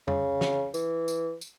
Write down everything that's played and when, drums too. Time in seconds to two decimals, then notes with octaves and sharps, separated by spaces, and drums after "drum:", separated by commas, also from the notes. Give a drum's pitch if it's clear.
0.08 C#3, drum: tom F2
0.41 drum: snare
0.74 E3, drum: tambourine
1.08 drum: tambourine
1.41 drum: tambourine